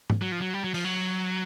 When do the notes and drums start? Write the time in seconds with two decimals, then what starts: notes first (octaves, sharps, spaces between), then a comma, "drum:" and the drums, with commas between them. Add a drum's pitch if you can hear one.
0.10 drum: tom G#2
0.22 F#3
0.32 F3
0.41 F#3
0.54 G3
0.64 F#3
0.74 F3, drum: open hi-hat
0.85 F#3